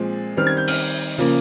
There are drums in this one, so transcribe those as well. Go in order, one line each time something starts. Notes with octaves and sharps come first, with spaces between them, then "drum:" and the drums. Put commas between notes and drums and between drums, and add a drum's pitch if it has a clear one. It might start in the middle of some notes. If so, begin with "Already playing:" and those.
Already playing: A#2 F3 G#3 C4
D#3 G3 C4 F6
G#6
G6
F6, drum: open hi-hat
C#3 F3 A#3